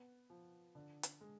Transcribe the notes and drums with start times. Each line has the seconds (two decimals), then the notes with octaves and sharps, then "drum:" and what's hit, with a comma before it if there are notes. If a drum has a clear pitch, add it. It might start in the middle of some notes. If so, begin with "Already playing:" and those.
Already playing: B3
0.30 F3
0.75 D3
1.03 drum: hi-hat
1.21 G#3